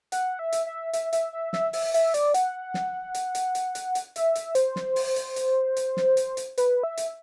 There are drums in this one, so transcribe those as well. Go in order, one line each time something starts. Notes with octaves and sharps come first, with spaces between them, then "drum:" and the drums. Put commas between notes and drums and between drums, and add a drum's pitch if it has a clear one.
F#5, drum: hi-hat
E5
drum: hi-hat
E5
E5, drum: hi-hat
E5, drum: hi-hat
E5
E5, drum: snare
E5, drum: open hi-hat
E5, drum: hi-hat
D5, drum: hi-hat
F#5, drum: hi-hat
drum: snare
drum: hi-hat
drum: hi-hat
drum: hi-hat
drum: hi-hat
drum: hi-hat
E5, drum: hi-hat
drum: hi-hat
C5, drum: hi-hat
drum: snare
drum: open hi-hat
drum: hi-hat
drum: hi-hat
drum: hi-hat
drum: snare
drum: hi-hat
drum: hi-hat
B4, drum: hi-hat
E5
drum: hi-hat